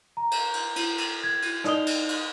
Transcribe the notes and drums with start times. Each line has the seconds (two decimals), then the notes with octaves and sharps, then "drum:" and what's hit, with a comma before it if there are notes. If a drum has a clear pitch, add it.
0.17 A#5
0.31 drum: cymbal
0.54 drum: cymbal
0.76 drum: cymbal
0.98 drum: cymbal
1.24 G#6
1.42 drum: cymbal
1.64 D#4 D5 D#5 D#6 F7 G7, drum: rim click
1.86 drum: cymbal
2.09 drum: cymbal